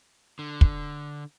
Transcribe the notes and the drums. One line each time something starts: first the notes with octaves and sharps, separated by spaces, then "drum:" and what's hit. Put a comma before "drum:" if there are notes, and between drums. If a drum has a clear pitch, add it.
D3
drum: kick